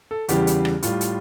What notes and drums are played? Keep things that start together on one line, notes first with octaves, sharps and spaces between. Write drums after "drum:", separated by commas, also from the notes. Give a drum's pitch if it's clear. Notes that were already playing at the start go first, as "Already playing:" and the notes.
A4
E2 C#3 E3 G3 G4, drum: hi-hat
drum: hi-hat
drum: rim click
A2 G3 F4, drum: hi-hat
drum: hi-hat